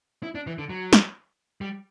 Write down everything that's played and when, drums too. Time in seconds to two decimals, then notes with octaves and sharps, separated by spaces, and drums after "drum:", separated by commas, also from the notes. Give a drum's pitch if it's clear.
0.23 E4
0.35 D4
0.47 E3
0.58 D3
0.70 F#3
0.93 drum: snare
1.61 G3